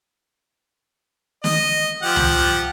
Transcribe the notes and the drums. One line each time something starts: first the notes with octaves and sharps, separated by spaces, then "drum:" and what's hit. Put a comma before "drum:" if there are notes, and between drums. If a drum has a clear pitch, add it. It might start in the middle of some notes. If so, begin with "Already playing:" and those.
D#5, drum: snare
F3 G4 F#5
drum: tom C#2